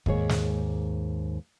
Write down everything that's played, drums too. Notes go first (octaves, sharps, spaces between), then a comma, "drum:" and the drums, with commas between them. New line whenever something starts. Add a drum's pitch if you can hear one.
D#2 G#2 G#4 C#5, drum: kick
drum: snare